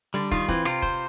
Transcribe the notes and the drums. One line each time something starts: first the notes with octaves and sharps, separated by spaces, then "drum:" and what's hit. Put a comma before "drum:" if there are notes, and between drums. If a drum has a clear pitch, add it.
D3 G3
D#3 F4, drum: kick
E3 C4, drum: kick
C3 F4, drum: rim click
C5, drum: kick